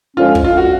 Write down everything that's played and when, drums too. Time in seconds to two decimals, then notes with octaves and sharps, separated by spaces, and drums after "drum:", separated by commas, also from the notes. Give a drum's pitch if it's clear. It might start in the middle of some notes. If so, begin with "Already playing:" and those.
0.17 D3 F3 G#3 C#4 F4
0.35 drum: kick
0.44 F4
0.57 F#4